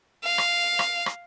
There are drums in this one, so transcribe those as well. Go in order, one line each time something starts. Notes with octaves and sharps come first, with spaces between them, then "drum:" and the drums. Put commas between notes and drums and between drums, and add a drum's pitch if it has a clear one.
F5
drum: rim click
drum: rim click
drum: rim click